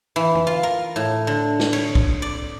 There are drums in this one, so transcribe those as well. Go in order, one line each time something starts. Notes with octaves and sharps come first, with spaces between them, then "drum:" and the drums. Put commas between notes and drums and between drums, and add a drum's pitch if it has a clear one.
E3
drum: tom
F4
A#4
A2
D3
drum: snare
C#5, drum: cymbal
drum: kick
D5